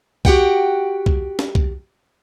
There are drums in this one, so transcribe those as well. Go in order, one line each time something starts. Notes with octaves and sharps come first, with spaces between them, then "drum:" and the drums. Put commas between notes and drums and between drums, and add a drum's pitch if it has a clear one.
F#4 G4 F#5 G5, drum: kick
drum: kick
drum: snare
drum: kick